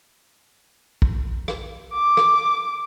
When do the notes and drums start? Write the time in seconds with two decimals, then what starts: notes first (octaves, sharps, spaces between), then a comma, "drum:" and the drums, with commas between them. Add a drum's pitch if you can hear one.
1.02 drum: kick
1.48 drum: rim click
1.94 D6
2.17 drum: rim click